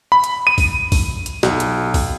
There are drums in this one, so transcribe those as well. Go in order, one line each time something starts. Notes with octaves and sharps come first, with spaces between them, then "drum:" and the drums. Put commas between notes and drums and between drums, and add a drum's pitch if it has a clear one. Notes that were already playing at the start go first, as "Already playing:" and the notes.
B5
drum: hi-hat
D#7
drum: kick A#1, open hi-hat
drum: kick A#1, open hi-hat
drum: hi-hat
B1, drum: snare
drum: hi-hat
drum: kick A#1, open hi-hat